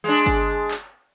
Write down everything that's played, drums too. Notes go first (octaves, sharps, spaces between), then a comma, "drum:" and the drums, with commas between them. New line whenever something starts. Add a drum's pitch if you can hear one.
G#3 D4
drum: kick G1
drum: clap